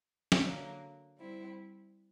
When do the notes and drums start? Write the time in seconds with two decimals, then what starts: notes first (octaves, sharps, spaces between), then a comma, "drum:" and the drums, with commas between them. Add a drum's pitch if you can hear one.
0.32 drum: snare
0.41 D3 F#3 A#3
1.17 G3 C4 E4